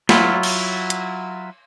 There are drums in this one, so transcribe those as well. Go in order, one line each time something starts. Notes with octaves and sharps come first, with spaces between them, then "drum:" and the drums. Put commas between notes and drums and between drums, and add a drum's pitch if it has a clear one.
F#3 E4 F4, drum: snare
drum: cymbal
drum: hi-hat